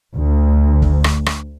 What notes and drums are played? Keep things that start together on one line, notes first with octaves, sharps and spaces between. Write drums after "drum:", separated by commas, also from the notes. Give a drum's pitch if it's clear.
D2
drum: kick
drum: rim click
drum: rim click